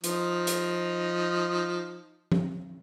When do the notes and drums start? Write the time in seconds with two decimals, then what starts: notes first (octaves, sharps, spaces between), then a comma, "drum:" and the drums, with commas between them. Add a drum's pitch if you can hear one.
0.04 F3 D#4, drum: hi-hat
0.47 drum: hi-hat
2.32 drum: tom F3